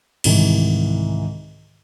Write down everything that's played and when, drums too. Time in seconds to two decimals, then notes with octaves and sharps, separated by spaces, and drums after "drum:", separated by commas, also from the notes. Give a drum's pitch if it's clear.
0.24 C2 G#2 D#3 E3, drum: cymbal